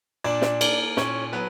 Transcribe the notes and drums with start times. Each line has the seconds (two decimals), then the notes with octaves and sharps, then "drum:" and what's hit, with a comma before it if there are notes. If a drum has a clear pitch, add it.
0.24 A#2 D4 D5
0.42 drum: snare
0.61 A#3, drum: cymbal
0.97 A#2 C#4 C#5, drum: snare
1.33 F#3 B3 B4